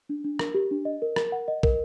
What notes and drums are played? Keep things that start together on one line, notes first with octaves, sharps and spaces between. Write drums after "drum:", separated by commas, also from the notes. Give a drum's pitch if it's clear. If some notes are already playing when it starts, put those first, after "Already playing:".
D4
D4
A#4, drum: rim click
G4
D4
D#5
A#4
A#4, drum: rim click
F#5
D#5
A#4, drum: kick